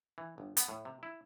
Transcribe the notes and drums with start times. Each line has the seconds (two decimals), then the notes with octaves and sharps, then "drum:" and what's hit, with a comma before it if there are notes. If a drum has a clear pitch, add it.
0.18 E3
0.38 G1
0.57 B3, drum: hi-hat
0.68 A2
0.85 C3
1.03 E4